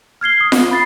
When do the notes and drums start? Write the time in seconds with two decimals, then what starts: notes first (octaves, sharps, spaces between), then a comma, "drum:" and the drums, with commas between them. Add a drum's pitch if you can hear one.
0.21 F6 G#6 C7 G7
0.41 D#6
0.52 drum: snare F4
0.71 B5 A6 C7